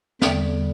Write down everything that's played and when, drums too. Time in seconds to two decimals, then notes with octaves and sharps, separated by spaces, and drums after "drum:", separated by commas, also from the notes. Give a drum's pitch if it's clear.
0.22 E2 D3 G3 E5 G5, drum: snare